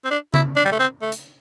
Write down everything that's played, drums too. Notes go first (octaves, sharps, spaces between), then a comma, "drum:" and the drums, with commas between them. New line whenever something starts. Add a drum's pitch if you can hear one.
C4
D4
E4, drum: tom C#3
D4
G3
A3
C4
A3
drum: hi-hat